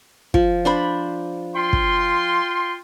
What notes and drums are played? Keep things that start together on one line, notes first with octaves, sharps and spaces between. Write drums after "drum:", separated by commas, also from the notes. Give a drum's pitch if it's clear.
F3, drum: kick
D4 C5 B5
F4 G5 C6
drum: kick